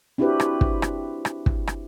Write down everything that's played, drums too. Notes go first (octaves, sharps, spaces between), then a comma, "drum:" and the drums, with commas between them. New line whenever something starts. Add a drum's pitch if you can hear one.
C4 D4 E4 F#4 G4 B4
drum: rim click
drum: kick
drum: rim click
drum: rim click
drum: kick
drum: rim click